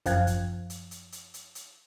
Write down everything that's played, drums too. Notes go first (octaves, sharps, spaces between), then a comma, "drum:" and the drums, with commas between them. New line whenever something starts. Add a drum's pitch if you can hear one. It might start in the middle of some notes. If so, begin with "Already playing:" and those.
F#2 F3 F5 G5 F#6 G#6, drum: kick, hi-hat
drum: kick, hi-hat
drum: hi-hat
drum: hi-hat
drum: hi-hat
drum: hi-hat
drum: hi-hat